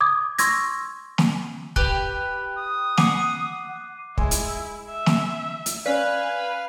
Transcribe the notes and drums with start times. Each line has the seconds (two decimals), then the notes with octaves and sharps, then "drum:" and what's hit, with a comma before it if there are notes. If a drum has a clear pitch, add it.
0.01 D6 D#6 G#6
0.38 C6 C#6 E6 G#6 A#6, drum: hi-hat
1.18 drum: snare
1.76 G4 B4 F#6, drum: kick
2.57 D#6
2.97 F#5 D6 C7 D#7, drum: snare
4.18 G#3 E4, drum: kick
4.31 drum: hi-hat
4.89 E5
5.06 drum: snare
5.66 drum: hi-hat
5.86 C#4 B4 D5 F5 G#5